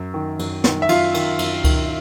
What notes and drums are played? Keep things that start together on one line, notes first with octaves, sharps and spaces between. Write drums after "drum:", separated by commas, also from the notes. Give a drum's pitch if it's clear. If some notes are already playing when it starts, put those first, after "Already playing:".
Already playing: F#2
D#3
F#2, drum: cymbal
D#3, drum: snare
E5
F#2 F4 F5, drum: cymbal
D#3, drum: cymbal
F#2, drum: cymbal
D#3, drum: kick C#2, cymbal